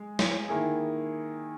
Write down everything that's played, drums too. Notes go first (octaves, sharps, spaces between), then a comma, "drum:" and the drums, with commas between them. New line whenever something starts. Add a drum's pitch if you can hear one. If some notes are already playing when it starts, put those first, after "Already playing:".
Already playing: G#3
drum: snare
D#3 A#3 E4 G#4